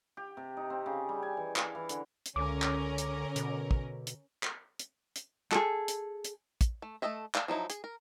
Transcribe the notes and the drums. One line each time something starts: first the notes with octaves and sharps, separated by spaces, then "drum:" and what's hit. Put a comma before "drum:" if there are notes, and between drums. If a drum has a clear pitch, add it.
G4
C3
D#4
C4
C#3
G3
G#5
E3
F5, drum: clap
E3
D3, drum: hi-hat
drum: hi-hat
C#2 D3 C#4 A#4 D6
drum: clap
drum: hi-hat
B2, drum: hi-hat
drum: kick
drum: hi-hat
drum: clap
drum: hi-hat
drum: hi-hat
G#4 A4, drum: clap
drum: hi-hat
drum: hi-hat
drum: kick, hi-hat
A3
A3 C#4 A4 D#5 E5
A4 D5 F5, drum: clap
F3 F#3 D#4 E4
G#4, drum: hi-hat
A#4